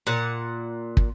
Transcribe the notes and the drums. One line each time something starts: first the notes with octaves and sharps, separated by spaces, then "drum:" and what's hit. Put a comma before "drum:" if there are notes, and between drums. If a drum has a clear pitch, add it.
A#2 F#5
drum: kick